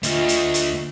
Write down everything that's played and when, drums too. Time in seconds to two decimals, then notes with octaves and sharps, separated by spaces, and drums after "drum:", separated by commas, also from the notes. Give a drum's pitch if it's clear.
0.03 D2 F4 D#5 E5, drum: hi-hat
0.28 drum: hi-hat
0.54 drum: hi-hat